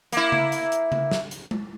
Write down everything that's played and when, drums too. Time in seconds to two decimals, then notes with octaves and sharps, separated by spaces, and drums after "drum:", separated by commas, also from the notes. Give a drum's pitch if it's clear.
0.12 A#3 E4, drum: hi-hat
0.32 drum: tom C#3
0.52 drum: hi-hat
0.72 drum: hi-hat
0.92 drum: tom C#3
1.11 drum: snare
1.31 drum: hi-hat
1.51 drum: tom G#3